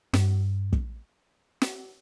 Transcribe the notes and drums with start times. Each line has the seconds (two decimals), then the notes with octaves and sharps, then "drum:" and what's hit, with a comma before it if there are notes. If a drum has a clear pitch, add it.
0.13 G2, drum: snare
0.73 drum: kick
1.62 drum: snare